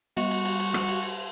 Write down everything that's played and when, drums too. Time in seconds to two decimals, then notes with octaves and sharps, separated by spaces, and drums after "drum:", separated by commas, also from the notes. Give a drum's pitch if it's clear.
0.17 G3 F#4, drum: cymbal
0.31 drum: cymbal
0.46 drum: cymbal
0.60 drum: cymbal
0.74 drum: rim click
0.88 drum: cymbal
1.03 drum: cymbal